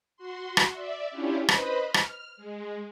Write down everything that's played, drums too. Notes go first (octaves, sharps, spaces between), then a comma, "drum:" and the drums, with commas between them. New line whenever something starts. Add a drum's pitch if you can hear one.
F#4 C6
drum: rim click
D5 E5
C#4 D4 E4 F4 G4
B4 C5 D#5 B5, drum: rim click
F6
drum: rim click
G#3